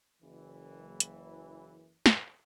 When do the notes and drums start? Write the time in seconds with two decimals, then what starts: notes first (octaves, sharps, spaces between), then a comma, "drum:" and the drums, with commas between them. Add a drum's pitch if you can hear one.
0.22 F#1 E3
1.00 drum: hi-hat
2.06 drum: snare